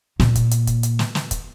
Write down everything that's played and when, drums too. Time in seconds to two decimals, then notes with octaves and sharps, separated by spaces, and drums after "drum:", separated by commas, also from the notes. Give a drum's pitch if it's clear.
0.20 A#2, drum: snare
0.35 drum: kick, hi-hat
0.51 drum: hi-hat
0.67 drum: kick, hi-hat
0.83 drum: hi-hat
0.99 drum: snare
1.15 drum: snare
1.31 drum: kick, hi-hat